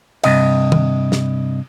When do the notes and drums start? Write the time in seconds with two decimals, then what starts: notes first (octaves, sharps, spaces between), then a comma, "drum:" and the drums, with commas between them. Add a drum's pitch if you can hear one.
0.24 G2 C3 D#5, drum: cymbal
0.72 drum: tom
1.12 drum: snare